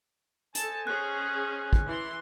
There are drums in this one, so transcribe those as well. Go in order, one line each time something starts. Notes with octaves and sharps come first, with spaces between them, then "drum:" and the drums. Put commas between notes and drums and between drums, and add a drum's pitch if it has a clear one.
A4 C5 D#5 G#5 A5, drum: hi-hat
C#4 G#4 F#6
drum: kick
E3 C6